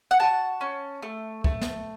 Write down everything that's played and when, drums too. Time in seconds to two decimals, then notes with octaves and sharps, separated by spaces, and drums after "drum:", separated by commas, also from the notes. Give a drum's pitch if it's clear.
0.11 F#5
0.20 F#4 A5
0.61 C#4
1.03 A3
1.44 A3, drum: kick
1.61 drum: snare